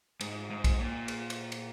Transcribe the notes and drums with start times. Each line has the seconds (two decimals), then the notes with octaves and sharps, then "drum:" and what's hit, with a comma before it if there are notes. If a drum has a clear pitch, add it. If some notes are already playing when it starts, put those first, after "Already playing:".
0.21 G#2, drum: cymbal
0.50 G#2
0.64 drum: kick, cymbal
0.80 A#2
1.08 drum: cymbal
1.30 drum: cymbal
1.52 drum: cymbal